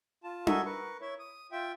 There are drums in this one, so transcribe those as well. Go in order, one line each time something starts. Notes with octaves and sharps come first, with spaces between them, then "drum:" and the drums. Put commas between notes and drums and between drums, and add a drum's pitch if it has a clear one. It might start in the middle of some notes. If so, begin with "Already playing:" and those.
F4 A5
F#4 A4 A#4 D#5 E5 G#5, drum: tom D4
A#4 B4 C#6
E4 C#5 E5
D#6
F4 E5 G5